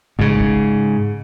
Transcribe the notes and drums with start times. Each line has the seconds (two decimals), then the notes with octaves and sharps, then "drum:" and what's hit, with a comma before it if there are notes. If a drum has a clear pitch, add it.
0.19 G#2 C#3, drum: kick
0.40 drum: kick